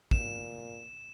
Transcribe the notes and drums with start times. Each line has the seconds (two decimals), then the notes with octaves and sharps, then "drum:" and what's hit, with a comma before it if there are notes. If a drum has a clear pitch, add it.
0.11 A#2 E7, drum: kick